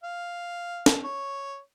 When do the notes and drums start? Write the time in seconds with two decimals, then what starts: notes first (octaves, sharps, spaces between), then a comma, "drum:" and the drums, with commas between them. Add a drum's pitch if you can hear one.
0.03 F5
0.86 drum: snare
1.04 C#5